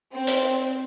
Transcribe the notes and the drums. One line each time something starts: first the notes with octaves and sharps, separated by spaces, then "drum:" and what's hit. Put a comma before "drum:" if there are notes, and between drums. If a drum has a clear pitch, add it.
C4
drum: hi-hat